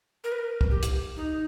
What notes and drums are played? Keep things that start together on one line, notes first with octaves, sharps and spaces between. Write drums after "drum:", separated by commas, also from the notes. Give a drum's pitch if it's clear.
A#4
B4
A#4
drum: kick
G4
drum: hi-hat
D#4